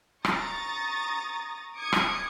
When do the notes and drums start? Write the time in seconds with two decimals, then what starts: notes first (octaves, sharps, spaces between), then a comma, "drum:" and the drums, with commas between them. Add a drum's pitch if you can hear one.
0.25 A#5 C#6 D#6 A6, drum: rim click
1.74 D6 D#6 G#6 C#7
1.92 drum: rim click